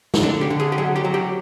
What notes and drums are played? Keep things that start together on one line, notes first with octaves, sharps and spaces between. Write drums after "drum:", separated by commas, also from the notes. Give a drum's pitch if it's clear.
drum: snare
D3 D4
G4
D3
G#4
G4
F#3 G#4
G4
F#3
G4